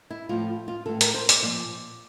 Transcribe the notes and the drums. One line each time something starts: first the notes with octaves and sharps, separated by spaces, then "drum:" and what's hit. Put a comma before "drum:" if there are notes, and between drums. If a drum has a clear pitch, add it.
E4
A2 F3 F4
F4
A2 E3 A4
A#4, drum: hi-hat
C5
D5, drum: hi-hat
A#2 F3 D5